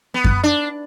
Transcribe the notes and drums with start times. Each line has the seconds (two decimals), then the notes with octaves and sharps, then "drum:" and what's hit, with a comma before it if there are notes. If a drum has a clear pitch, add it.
0.14 B3
0.24 drum: kick F#2
0.43 D4